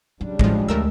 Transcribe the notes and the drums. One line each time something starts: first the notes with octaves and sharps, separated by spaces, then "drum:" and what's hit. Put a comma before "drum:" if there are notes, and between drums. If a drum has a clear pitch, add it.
C#3 F#3 G3 D4
A2 D#3 F3 G#3, drum: kick
D2 A3 A#4 E6